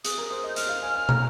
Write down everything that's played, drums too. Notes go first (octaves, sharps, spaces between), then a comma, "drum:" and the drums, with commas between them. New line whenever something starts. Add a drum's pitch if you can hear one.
G#4 D#6, drum: hi-hat
A#4
C5 D#6
D#5
G6
D#5 F6, drum: hi-hat
F5
G#5
G#5
A#5, drum: tom